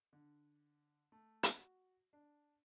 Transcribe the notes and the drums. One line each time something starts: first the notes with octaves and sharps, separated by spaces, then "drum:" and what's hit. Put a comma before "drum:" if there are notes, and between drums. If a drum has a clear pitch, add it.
D3
A3
drum: hi-hat
F#4
D4